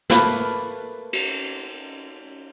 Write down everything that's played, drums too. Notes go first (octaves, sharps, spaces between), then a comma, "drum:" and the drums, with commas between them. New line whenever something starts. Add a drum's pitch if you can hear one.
A3 A#3 B4, drum: snare
drum: cymbal